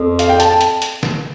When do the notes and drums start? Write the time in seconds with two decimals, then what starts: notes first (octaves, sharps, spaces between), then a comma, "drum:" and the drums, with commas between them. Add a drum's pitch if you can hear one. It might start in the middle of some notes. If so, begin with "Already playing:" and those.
Already playing: F2
0.19 F5, drum: hi-hat
0.29 G5
0.40 A5, drum: hi-hat
0.50 A5
0.61 drum: hi-hat
0.82 drum: hi-hat
1.03 drum: snare